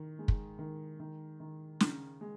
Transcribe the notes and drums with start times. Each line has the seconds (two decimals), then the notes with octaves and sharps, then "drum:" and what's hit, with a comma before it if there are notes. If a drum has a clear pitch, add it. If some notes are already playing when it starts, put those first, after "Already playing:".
Already playing: D#3
0.19 G#3
0.28 drum: kick
0.59 D#3
1.00 D#3
1.40 D#3
1.80 C#3, drum: snare
2.21 G#3